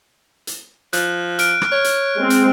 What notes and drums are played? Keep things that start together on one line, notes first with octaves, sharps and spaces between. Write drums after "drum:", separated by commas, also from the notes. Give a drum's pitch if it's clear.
drum: hi-hat
F3 F#6, drum: hi-hat
F6 D7, drum: hi-hat
drum: rim click
C#5
drum: hi-hat
G#3 C4
drum: hi-hat